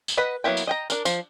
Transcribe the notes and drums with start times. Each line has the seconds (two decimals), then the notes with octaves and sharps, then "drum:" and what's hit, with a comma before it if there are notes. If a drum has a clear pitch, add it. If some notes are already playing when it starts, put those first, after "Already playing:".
0.08 drum: tambourine
0.17 B4 D#5 F#5 B5
0.44 F#3 A#3 B3 E4 G5
0.57 drum: tambourine
0.67 D#5 G5 A#5
0.90 D4 A#4, drum: tambourine
1.05 F3, drum: tambourine